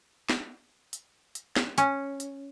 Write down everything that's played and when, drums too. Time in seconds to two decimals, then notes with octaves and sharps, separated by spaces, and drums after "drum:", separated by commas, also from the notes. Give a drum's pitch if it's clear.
0.29 drum: snare
0.93 drum: hi-hat
1.35 drum: hi-hat
1.56 drum: snare
1.78 C#4, drum: hi-hat
2.20 drum: hi-hat